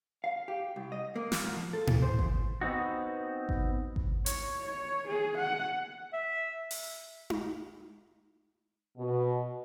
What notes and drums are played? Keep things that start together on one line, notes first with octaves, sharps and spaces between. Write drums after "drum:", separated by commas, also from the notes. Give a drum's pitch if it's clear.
F5
G4
C2
D#5
A#3
F4, drum: snare
G#2
F3
A4
E3, drum: tom A2
C5
E2, drum: kick G#1
B3 C4 D#4 F#4
drum: kick G#1
drum: kick G#1
C#5, drum: hi-hat
C#5
G#4
F#5
E5
drum: open hi-hat
drum: tom D#4
B2